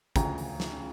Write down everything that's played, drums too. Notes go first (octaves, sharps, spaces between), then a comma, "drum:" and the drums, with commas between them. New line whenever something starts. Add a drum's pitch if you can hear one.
D2 C#3 F3 G5 A#5, drum: kick, hi-hat
drum: open hi-hat
drum: snare